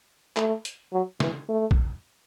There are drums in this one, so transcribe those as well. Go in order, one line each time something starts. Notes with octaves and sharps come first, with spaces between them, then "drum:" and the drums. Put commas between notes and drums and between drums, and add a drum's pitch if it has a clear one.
A3, drum: clap
drum: hi-hat
F#3
E3, drum: snare
A3
drum: kick A#1